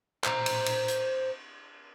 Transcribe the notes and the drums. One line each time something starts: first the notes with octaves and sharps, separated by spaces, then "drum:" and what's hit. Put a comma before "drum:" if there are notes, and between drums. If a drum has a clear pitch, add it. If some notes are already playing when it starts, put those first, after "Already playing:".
C5 A#5, drum: clap
drum: cymbal
drum: cymbal
drum: hi-hat